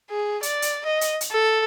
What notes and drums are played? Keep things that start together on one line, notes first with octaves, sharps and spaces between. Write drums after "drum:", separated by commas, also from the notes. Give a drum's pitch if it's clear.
G#4
D5, drum: hi-hat
drum: hi-hat
D#5
drum: hi-hat
drum: hi-hat
A4